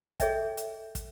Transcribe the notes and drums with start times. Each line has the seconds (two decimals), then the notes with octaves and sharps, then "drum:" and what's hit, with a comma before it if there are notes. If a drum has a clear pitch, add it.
0.20 G#4 A4 C#5 D#5 E5 G5, drum: kick, hi-hat
0.57 drum: hi-hat
0.95 drum: kick, hi-hat